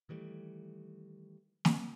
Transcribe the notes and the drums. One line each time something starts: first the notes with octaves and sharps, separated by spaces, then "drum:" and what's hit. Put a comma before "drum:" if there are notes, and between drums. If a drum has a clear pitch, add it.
D#3 E3 G3 A3
drum: snare